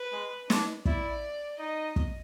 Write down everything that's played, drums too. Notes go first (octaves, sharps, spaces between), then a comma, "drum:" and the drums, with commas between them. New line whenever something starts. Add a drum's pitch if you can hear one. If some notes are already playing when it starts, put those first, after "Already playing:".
Already playing: B4
G#3
D4, drum: snare
E4 D5, drum: kick
D#4 D#5
drum: kick